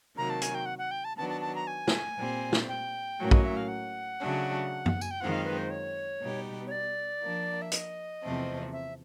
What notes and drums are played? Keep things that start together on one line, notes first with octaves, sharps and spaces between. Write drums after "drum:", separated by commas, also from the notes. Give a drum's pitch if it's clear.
C3 D#3 F#3 A#3 A#5
A5
G#5, drum: hi-hat
G5
F#5
F#5
G5
A5
D#3 F#3 B3 D4 A5
A5
A5
A#5
G#5
drum: snare
A#2 G3 C4
drum: snare
G5
A2 F#3 A#3 C#4
D#5, drum: kick
E5
F5
F#5
C#3 F#3 A3 D4
drum: tom F#2
G#5, drum: tambourine
G5
F#2 D#3 G#3 C4 F4 F#5
F5
B4
C5
C#5
B2 G3 B3 D#4 G4
C#5
D5
F3 A#3 D4
E5
D#5, drum: hi-hat
E2 C3 F3 A3 C4
E5